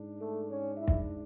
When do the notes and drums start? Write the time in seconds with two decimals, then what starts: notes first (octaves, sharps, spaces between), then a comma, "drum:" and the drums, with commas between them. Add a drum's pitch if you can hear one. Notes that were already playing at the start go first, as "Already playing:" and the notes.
Already playing: G#2 D4
0.20 A3 A4
0.49 C#4 C#5
0.78 E4 E5
0.88 drum: kick